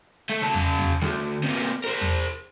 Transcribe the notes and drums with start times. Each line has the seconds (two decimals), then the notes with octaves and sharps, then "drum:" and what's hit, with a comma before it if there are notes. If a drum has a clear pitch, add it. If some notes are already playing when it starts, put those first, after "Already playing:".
0.30 A3
0.42 C#3 A5
0.54 drum: tom E2
0.79 drum: tom E2
1.02 D2, drum: snare
1.43 C3 A#3
1.84 A#4 C5
2.01 drum: tom E2